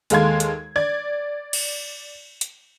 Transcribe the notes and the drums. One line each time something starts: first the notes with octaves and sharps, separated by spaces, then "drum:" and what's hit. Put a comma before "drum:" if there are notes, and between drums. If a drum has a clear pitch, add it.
D#2 G#3 A4 F5 C6 G#6, drum: hi-hat
drum: hi-hat
D5 G#6
drum: cymbal
drum: hi-hat